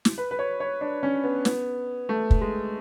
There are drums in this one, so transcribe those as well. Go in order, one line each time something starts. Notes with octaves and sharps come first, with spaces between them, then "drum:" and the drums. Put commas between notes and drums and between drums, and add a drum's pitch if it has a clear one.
drum: snare
B4
B4
C#5
C#5
D4
C#4
B3
B3, drum: snare
A3
drum: kick
G#3